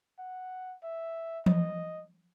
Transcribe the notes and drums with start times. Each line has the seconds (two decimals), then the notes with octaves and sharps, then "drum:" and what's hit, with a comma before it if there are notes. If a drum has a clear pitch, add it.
0.19 F#5
0.83 E5
1.46 D#5, drum: tom E3